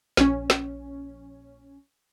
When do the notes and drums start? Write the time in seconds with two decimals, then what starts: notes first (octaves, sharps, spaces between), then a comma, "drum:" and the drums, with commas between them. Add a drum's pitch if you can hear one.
0.17 A#1 C#4, drum: snare
0.50 drum: snare